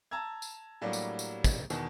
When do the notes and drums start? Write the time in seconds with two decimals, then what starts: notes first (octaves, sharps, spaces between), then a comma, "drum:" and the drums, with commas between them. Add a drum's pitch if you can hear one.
0.11 A5 A#5 E6 G#6
0.42 drum: tambourine
0.81 A2 F#3 G3 A#3 D4 G4
0.93 drum: tambourine
1.19 drum: tambourine
1.44 drum: kick, tambourine
1.70 E2 B2 D#3, drum: tambourine